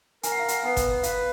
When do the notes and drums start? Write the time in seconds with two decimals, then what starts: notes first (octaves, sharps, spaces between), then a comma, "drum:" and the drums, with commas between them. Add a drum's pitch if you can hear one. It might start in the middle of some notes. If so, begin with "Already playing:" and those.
0.23 A#4 G#5, drum: hi-hat
0.32 F#5
0.39 F5
0.48 F#5, drum: hi-hat
0.64 B3 F#5
0.77 drum: kick G1, hi-hat
1.03 B4 F5, drum: hi-hat